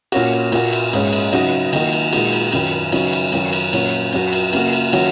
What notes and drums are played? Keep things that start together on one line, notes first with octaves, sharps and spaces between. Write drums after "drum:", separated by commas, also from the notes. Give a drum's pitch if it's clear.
A#2 A#3 C#4 F#4, drum: cymbal
A#2 A#3 F#4, drum: cymbal
drum: cymbal
G#2 G#3 C#4, drum: cymbal
drum: cymbal
C#3 F#3 D#4 F#4, drum: cymbal
D#3 A#3 D#4 F#4, drum: cymbal
drum: cymbal
A#2 G#3 D#4 F#4, drum: cymbal
drum: cymbal
F#2 D#3 F#3, drum: cymbal
C#3 F#3 D#4, drum: cymbal
drum: cymbal
F#2 D#3 F#3, drum: cymbal
drum: cymbal
A#2 F#3 C#4 F#4, drum: cymbal
F#2 F#3 C#4 F#4, drum: cymbal
drum: cymbal
C#3 A#3 F#4, drum: cymbal
drum: cymbal
D#3 F#3 C#4 F#4, drum: cymbal